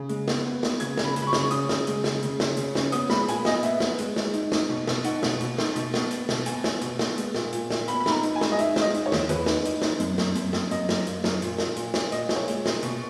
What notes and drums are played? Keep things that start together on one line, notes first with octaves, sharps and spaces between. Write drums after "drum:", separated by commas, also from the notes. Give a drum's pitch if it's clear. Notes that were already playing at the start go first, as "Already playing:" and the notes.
Already playing: C#3
G#3, drum: hi-hat
B3, drum: snare
B3
B3, drum: snare
C#3 G#6, drum: hi-hat
C#3, drum: snare
B5
G#3, drum: hi-hat
B5
C#6
C#3, drum: snare
C#6
C#4 D#6, drum: hi-hat
C#3, drum: snare
G#3, drum: hi-hat
C#3, drum: snare
C#3, drum: hi-hat
C#4, drum: snare
C#3, drum: hi-hat
C#4, drum: snare
B3 D#6, drum: hi-hat
G#3 B5, drum: snare
A#2 G#5, drum: hi-hat
B3 D#5, drum: snare
B3 E5, drum: hi-hat
B3, drum: snare
G#3, drum: hi-hat
G#3, drum: snare
D#4, drum: hi-hat
D#4, drum: snare
B2
B2, drum: snare
D#4 F#5, drum: hi-hat
B2, drum: snare
B2, drum: hi-hat
D#4, drum: snare
B2, drum: hi-hat
B3, drum: snare
B3, drum: hi-hat
B2, drum: snare
B3 G#5, drum: hi-hat
B3, drum: snare
B2, drum: hi-hat
B3, drum: snare
G#3, drum: hi-hat
A#2, drum: snare
A#2, drum: hi-hat
A#2, drum: snare
B3 B5, drum: hi-hat
B5
D#4, drum: snare
A#5
D#4, drum: hi-hat
G#5
G#3, drum: snare
D#5
D#4 E5, drum: hi-hat
G#3, drum: snare
D#5
D#4, drum: hi-hat
C#5
E2, drum: snare
E2 B4, drum: hi-hat
D#4, drum: snare
D#4, drum: hi-hat
D#4, drum: snare
F#2, drum: hi-hat
F#2, drum: snare
F#2, drum: hi-hat
F#2, drum: snare
F#2 D#5, drum: hi-hat
F#2, drum: snare
A#3, drum: hi-hat
F#2, drum: snare
A#2, drum: hi-hat
A#2, drum: snare
A#2, drum: hi-hat
A#2, drum: snare
A#2 D#5, drum: hi-hat
A#2, drum: snare
C#5
G#3, drum: hi-hat
A#2, drum: snare
B2, drum: hi-hat